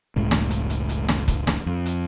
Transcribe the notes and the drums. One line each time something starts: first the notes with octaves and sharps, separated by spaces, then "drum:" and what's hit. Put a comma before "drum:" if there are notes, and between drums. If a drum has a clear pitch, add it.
F#1 C#2 A2 G#3
drum: snare
drum: hi-hat
drum: hi-hat
drum: hi-hat
drum: snare
drum: kick, hi-hat
drum: snare
F2
drum: hi-hat